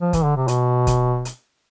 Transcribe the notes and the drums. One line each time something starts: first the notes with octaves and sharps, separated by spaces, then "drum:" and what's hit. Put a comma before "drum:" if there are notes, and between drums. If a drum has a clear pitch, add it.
F3
E3, drum: kick, hi-hat
D3
C3
B2, drum: hi-hat
drum: kick, hi-hat
drum: hi-hat